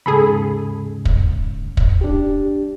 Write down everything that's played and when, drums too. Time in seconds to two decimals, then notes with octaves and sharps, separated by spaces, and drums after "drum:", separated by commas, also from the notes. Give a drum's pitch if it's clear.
0.06 D#2 G#2 C#3 G#4 A4 B5
1.05 drum: kick
1.77 drum: kick
2.01 D4 G4